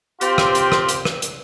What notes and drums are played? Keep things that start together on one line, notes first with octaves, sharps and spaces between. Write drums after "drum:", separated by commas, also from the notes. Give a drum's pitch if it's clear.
C4 F4 G4 F5, drum: hi-hat
drum: rim click
drum: hi-hat
drum: rim click
drum: hi-hat
drum: rim click
drum: hi-hat